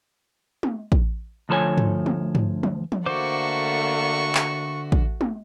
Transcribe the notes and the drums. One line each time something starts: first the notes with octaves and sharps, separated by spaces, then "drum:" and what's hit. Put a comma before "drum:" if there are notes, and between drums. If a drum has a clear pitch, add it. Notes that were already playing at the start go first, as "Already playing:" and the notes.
drum: tom
drum: kick A1
D2 F3 A4 B4 C#5 G#5
drum: tom
drum: tom
drum: tom
drum: tom
drum: tom
D3 A3 A#3 F#4 C5 D5 C#6 D6
drum: clap
drum: kick A1
drum: tom